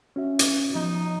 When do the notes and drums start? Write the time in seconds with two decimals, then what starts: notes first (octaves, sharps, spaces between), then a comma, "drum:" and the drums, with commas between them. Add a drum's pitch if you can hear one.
0.16 C#4 F#4 E5
0.39 drum: hi-hat
0.75 F3 B3 D#4